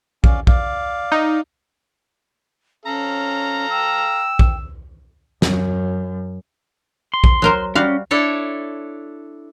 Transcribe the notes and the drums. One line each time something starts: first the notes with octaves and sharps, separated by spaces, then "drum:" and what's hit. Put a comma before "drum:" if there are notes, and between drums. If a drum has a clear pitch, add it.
C#4 D5 F5, drum: kick A#1
D5 F5, drum: kick A#1
D#4
C#4 A4 F5 A#5
G5 E6
drum: kick A#1
F#2, drum: snare
C6
drum: kick A#1
F#3 A#4 C5
G3 C#4 F#4 F5
D4 E4 A4 C#5